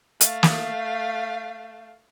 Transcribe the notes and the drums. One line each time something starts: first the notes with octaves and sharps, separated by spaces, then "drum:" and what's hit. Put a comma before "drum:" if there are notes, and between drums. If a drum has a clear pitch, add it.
A3 F5, drum: hi-hat
drum: snare